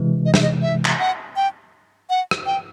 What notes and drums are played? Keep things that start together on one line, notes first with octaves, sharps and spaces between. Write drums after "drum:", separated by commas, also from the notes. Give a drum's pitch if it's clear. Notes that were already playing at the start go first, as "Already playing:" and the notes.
Already playing: C3 E3 G#3
D#5
E5, drum: snare
D#5
E5
drum: clap
F#5
G5
F#5
drum: rim click
G5